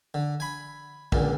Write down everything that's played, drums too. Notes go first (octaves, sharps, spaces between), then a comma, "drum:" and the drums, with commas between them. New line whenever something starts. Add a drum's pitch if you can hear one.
D3
G#5 B5
C#2 A#2 D3, drum: kick